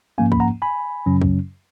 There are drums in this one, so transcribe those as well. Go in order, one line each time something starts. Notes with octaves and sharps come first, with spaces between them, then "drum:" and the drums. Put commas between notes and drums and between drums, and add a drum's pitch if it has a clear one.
G#2 F3 A#3 C#4 F5 G#5
B5, drum: kick
F#5 A#5
G#5 B5
F#2 C#3 F#3 C#4
drum: kick